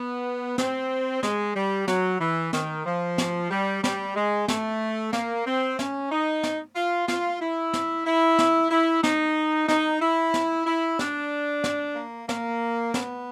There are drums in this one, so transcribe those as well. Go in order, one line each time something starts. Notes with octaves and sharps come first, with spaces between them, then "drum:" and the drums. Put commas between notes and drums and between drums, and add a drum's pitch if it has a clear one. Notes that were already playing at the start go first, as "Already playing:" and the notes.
Already playing: B3
C4, drum: snare
G#3, drum: snare
G3
F#3, drum: snare
E3
D#3, drum: snare
F3
drum: snare
G3
G3, drum: snare
G#3
A3, drum: snare
A#3, drum: snare
C4
C#4, drum: snare
D#4
drum: snare
F4
F4, drum: snare
E4
drum: snare
E4
drum: snare
E4
D#4, drum: snare
D#4, drum: snare
E4
drum: snare
E4
D4, drum: snare
drum: snare
A#3
A#3, drum: snare
B3, drum: snare